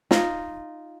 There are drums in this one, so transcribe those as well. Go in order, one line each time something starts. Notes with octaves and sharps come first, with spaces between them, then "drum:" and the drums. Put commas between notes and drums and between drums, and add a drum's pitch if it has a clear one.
D#4 F4, drum: snare